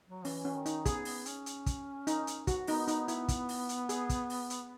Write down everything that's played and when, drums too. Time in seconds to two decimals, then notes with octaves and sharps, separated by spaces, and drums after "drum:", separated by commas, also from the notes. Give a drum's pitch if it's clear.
0.09 F#3
0.25 E3 C#4, drum: open hi-hat
0.45 C#4
0.55 D#3
0.66 D#4, drum: hi-hat
0.86 B3 G#4, drum: kick, hi-hat
1.05 B3, drum: open hi-hat
1.26 C#4, drum: hi-hat
1.46 drum: hi-hat
1.66 drum: kick, hi-hat
2.07 D#4, drum: hi-hat
2.27 drum: hi-hat
2.47 F#4, drum: kick, hi-hat
2.67 B3 D#4, drum: open hi-hat
2.88 D#4, drum: hi-hat
3.08 E4, drum: hi-hat
3.28 drum: kick, hi-hat
3.49 drum: open hi-hat
3.69 drum: hi-hat
3.89 G#4, drum: hi-hat
4.09 drum: kick, hi-hat
4.30 drum: open hi-hat
4.50 drum: hi-hat